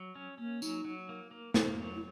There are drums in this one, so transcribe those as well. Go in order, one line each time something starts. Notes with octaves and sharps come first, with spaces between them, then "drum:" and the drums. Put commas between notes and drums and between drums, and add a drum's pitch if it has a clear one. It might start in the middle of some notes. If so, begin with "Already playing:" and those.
Already playing: F#3
C#4
A#3 C#4
F#3 D#4, drum: tambourine
F#3
A#3
A#3
A#3, drum: snare
F#3
E4